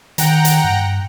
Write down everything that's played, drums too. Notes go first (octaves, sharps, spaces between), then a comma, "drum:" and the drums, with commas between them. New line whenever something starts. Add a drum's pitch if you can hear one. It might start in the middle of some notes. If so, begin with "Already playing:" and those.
D#3 F#5 G5 A#5, drum: hi-hat
drum: hi-hat
G2